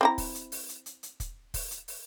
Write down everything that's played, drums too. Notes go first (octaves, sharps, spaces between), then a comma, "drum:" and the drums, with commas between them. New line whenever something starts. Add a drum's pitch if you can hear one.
C4 E4 A#5
drum: kick, open hi-hat
drum: hi-hat
drum: open hi-hat
drum: hi-hat
drum: hi-hat
drum: hi-hat
drum: kick, hi-hat
drum: kick, open hi-hat
drum: hi-hat
drum: open hi-hat